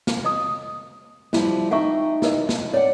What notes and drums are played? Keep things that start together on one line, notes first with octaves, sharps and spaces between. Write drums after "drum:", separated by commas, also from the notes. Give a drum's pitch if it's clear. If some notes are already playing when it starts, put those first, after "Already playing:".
drum: snare
D#5 A#5 D#6
F3 G3 E4, drum: snare
D#4 E5 F#5 G5 C#6
E4 A#4 D#5, drum: snare
drum: snare
C#5 D5 F#5